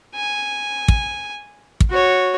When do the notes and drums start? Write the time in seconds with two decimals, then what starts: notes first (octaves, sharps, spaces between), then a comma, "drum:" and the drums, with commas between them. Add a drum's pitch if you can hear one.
0.15 G#5
0.88 drum: kick
1.80 drum: kick
1.90 F#4 C#5